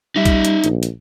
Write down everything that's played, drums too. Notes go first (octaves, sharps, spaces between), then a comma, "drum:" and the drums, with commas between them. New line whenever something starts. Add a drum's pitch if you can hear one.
G3 D#4 E5
drum: kick, hi-hat
drum: hi-hat
A#1, drum: hi-hat
drum: hi-hat